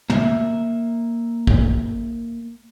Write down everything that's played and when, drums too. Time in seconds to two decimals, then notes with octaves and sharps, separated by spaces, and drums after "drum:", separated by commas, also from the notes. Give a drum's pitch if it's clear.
0.10 A#3 E5, drum: tom
1.47 drum: kick